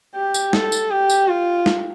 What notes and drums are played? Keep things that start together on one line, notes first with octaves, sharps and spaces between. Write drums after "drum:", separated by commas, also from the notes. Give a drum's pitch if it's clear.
G4
drum: tambourine
A4, drum: snare
drum: tambourine
G4
drum: tambourine
F4
drum: snare